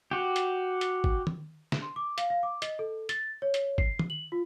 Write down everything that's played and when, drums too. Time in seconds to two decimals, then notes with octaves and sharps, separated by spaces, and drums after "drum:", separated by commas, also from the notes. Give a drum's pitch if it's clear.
0.11 F#4 G4
0.36 drum: hi-hat
0.81 drum: hi-hat
1.04 drum: kick
1.27 drum: tom D#3
1.72 drum: snare
1.82 C6
1.96 D6
2.18 F5, drum: hi-hat
2.30 F5
2.43 D6
2.62 D#5, drum: hi-hat
2.79 A4
3.09 A6, drum: hi-hat
3.42 C#5
3.54 drum: hi-hat
3.78 C7, drum: kick
3.99 drum: tom D#3
4.10 F#7
4.32 F4